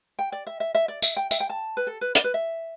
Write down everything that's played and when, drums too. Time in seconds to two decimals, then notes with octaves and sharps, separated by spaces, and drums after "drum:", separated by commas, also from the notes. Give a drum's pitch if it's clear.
0.19 G5
0.32 D5
0.47 E5
0.60 E5
0.75 E5
0.88 D5
1.02 E5, drum: tambourine
1.16 G5
1.31 E5, drum: tambourine
1.40 G5
1.50 A5
1.77 B4
1.87 A4
2.01 B4
2.15 D5, drum: hi-hat
2.24 B4
2.34 E5